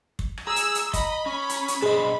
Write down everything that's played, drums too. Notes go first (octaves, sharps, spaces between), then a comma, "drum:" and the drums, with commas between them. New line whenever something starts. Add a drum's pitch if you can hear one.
drum: kick
drum: rim click
G#4 A#5 D#6 E6
drum: hi-hat
drum: hi-hat
D#5 B5, drum: kick, hi-hat
C#4
drum: hi-hat
drum: hi-hat
B2 D4 G#4 C5 D#5